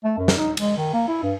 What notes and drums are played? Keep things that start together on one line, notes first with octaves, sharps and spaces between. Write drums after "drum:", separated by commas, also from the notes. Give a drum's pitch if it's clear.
A3
F#2
drum: snare
D#4
G#3, drum: cymbal
D#3
A#3
E4
G2